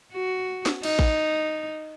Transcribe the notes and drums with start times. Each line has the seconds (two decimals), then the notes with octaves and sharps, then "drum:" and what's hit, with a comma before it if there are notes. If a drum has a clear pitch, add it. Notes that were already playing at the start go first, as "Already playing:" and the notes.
0.12 F#4
0.66 drum: snare
0.83 D#4, drum: cymbal
0.99 drum: kick A1